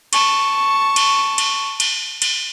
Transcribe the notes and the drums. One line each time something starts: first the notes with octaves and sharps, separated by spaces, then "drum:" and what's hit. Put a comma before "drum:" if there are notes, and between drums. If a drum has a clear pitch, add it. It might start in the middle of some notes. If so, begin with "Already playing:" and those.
A5 C#6, drum: cymbal
drum: cymbal
drum: cymbal
drum: cymbal
drum: cymbal